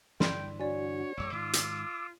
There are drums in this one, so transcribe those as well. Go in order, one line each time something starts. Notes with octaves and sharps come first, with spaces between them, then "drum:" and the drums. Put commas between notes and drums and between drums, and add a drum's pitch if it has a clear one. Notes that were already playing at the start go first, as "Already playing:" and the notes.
G2 D3 E3 D5 G5 B5 C6, drum: snare
D4 F#4 C#5 D5 G#5
A1 F#2 G#3 D6 E6
G#2 D#3 F4
drum: hi-hat